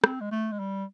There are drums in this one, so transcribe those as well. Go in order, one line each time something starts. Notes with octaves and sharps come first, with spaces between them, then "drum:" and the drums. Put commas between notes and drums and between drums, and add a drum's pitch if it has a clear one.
C4, drum: rim click
G#3
A3
G#3
G3